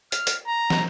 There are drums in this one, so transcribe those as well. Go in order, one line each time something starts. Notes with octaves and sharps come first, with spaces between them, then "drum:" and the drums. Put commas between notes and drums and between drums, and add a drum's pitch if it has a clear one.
F6, drum: hi-hat
drum: hi-hat
A#5
drum: snare